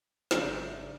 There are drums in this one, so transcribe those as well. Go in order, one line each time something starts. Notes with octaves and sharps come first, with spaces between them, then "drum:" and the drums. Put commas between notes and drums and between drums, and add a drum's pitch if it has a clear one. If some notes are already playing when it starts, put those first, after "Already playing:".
G#1 C#3 F3 F#3 G4, drum: snare
D4 E5